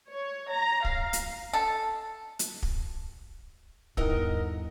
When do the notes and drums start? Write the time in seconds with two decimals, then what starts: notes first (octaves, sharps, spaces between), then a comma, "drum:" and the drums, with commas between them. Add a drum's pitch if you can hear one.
0.11 C#5
0.51 A#5
0.85 F5, drum: kick
1.13 drum: hi-hat
1.53 A4
2.39 drum: hi-hat
2.63 drum: kick
3.97 G1 D#2 D#4 E4 A#4 D#5 F#5, drum: kick